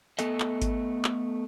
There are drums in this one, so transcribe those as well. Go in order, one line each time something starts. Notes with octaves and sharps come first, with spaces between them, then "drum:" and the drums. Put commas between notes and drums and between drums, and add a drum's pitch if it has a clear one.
A3 B3 A4 D#5, drum: hi-hat
drum: clap
drum: kick G#1, hi-hat
drum: clap